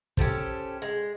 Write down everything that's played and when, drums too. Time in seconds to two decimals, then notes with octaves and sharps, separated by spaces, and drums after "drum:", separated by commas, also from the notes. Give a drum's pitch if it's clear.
0.17 C#4 G4 A4 C5, drum: kick
0.82 G#3